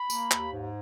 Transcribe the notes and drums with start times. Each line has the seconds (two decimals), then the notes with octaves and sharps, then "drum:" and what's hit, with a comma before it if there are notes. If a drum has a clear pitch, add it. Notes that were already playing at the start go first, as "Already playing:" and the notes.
Already playing: B5
0.10 A#3, drum: tambourine
0.31 D#2, drum: clap
0.52 G#2